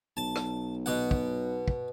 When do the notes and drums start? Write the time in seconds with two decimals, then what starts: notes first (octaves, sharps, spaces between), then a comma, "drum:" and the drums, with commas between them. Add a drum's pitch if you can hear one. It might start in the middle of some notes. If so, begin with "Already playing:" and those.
0.17 B1 A5
0.36 drum: rim click
0.86 B2 F#5
1.11 drum: kick
1.68 drum: kick